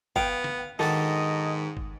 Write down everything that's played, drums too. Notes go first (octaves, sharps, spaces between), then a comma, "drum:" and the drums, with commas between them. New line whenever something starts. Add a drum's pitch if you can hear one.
B3 F5 G5, drum: kick
drum: snare
G#2 D#3 D4 F#4 A4 D#5
drum: kick